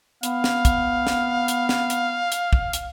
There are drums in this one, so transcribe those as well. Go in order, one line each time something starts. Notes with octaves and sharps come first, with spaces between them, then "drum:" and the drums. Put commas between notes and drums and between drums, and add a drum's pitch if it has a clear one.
B3 F5, drum: hi-hat
drum: snare
drum: kick, hi-hat
drum: snare
drum: hi-hat
drum: snare
drum: hi-hat
drum: hi-hat
drum: kick
drum: hi-hat